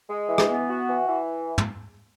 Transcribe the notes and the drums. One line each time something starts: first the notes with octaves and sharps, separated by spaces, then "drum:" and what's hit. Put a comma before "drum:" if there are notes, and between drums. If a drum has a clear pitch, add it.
G#3
E3
drum: rim click
B3
F#4
E3
E3
drum: tom